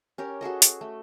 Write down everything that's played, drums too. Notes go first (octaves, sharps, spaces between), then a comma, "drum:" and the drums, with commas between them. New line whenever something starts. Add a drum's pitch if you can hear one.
C#4 G4 A#4
F#4 G#4 A4 D#5
drum: hi-hat
A3